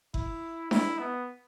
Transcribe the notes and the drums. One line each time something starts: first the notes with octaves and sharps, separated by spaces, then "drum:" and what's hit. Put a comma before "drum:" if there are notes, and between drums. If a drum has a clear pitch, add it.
E4, drum: kick F#1
E4, drum: snare D4
B3